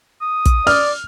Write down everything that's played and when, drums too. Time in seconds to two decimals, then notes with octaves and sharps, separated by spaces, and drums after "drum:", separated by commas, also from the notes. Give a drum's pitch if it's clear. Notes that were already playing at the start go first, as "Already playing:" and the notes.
0.22 D#6
0.46 drum: kick, hi-hat
0.67 D5 F6, drum: open hi-hat